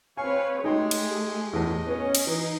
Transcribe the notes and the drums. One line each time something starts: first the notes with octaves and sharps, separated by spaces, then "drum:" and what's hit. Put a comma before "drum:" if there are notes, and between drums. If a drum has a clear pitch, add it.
C4 B4 C#5 F5 G#5 C#6
G#3 A3 D#4 G4 G#4 G5 C6
drum: cymbal
E2 A2 D#5
B3 C#4
drum: cymbal
E3 D#4